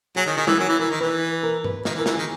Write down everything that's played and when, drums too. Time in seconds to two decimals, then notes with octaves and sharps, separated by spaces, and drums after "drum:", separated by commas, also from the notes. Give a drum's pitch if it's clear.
0.16 F#3 G#4
0.26 D#3
0.37 D#3 G#4
0.47 E3, drum: tom G3
0.58 F#3 A#4
0.69 E3
0.79 E3 A#4
0.91 D#3
1.00 E3 B4
1.43 A#4
1.64 B4, drum: tom G2
1.85 D#3, drum: snare
1.95 E3
1.99 A#4
2.06 E3, drum: snare
2.13 D#3 G#4